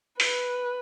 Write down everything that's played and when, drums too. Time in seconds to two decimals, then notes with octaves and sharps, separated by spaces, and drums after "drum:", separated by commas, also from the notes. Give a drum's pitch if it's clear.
0.20 B4, drum: open hi-hat